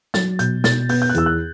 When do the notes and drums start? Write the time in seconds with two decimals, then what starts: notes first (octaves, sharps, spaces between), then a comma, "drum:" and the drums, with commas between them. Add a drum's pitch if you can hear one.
0.14 F#3 A6, drum: snare
0.39 B2 G6, drum: hi-hat
0.64 B2 A6, drum: snare
0.89 B3 G6, drum: open hi-hat
1.02 G6
1.10 F#6
1.15 E2 E6, drum: hi-hat
1.26 F#6